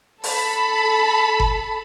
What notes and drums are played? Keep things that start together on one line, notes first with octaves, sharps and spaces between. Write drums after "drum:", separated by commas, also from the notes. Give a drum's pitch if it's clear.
A4 A5 B5, drum: open hi-hat
drum: kick G1